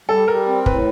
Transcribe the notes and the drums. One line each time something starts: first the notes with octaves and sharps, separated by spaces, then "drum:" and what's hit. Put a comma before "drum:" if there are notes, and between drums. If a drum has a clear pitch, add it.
G3 A4
G3 A#4
C4
A2 B4, drum: kick